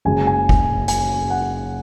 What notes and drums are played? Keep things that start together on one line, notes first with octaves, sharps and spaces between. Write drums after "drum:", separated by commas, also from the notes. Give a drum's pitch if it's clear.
F#1 F#2 C#3 G#3 G#5
G#5
drum: kick F#1
G#5, drum: hi-hat
F#5